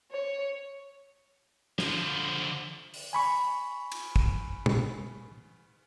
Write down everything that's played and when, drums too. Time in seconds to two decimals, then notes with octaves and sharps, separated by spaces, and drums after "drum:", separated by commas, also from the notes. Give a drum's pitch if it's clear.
0.12 C#5
1.79 D3 F3, drum: snare
2.94 drum: open hi-hat
3.13 G#5 B5 C#6
3.92 drum: cymbal
4.16 drum: kick
4.66 drum: tom